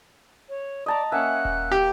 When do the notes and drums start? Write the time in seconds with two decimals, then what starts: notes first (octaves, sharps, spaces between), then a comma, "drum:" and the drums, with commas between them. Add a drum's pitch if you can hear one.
0.49 C#5
0.86 D5 D#5 A5 A#5
1.12 A#3 C#4 E5 F#5 G#5 F#6
1.45 drum: kick D#1
1.72 G4